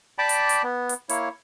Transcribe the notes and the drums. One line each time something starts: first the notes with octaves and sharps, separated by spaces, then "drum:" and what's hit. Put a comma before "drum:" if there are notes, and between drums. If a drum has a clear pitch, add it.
D5 G5 A5 B5 D6
drum: hi-hat
drum: hi-hat
B3
drum: hi-hat
A#3 E4 C#5, drum: hi-hat